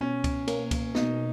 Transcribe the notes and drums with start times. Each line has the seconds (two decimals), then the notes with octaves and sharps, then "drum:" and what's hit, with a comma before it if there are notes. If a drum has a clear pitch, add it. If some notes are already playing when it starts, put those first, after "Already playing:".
0.01 B2 C#4
0.24 drum: kick C#2, cymbal
0.48 A#3 C#4, drum: cymbal
0.71 drum: kick C#2, cymbal
0.95 B2 D#4, drum: snare